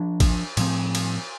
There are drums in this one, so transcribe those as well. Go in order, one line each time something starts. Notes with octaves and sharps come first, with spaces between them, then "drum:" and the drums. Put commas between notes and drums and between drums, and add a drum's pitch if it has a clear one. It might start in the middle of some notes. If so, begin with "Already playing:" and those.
Already playing: F3 D4
drum: kick A1, cymbal
A2 F3 C4, drum: cymbal
drum: cymbal